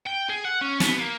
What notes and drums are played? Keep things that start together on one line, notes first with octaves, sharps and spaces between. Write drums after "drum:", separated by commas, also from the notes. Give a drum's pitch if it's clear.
G5
G#4
F#5
C#4
B3, drum: snare
A#3